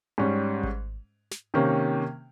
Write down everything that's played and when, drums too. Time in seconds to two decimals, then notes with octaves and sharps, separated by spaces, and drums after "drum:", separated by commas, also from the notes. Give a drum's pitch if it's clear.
0.18 G#2 G3 C#4
0.63 drum: kick G#1
1.31 drum: snare
1.54 C3 D#3 A#3 C#4